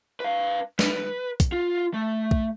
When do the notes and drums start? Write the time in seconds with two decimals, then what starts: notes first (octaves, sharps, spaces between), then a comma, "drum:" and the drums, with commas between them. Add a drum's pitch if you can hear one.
0.20 B4 F5
0.79 B4, drum: snare
1.40 drum: kick, hi-hat
1.52 F4
1.94 A3
2.31 drum: kick